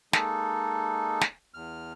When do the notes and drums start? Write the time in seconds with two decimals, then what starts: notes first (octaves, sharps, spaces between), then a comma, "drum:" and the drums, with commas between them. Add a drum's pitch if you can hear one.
0.13 G#3 A#3 D#4 A4, drum: snare
1.21 drum: snare
1.54 E2 F6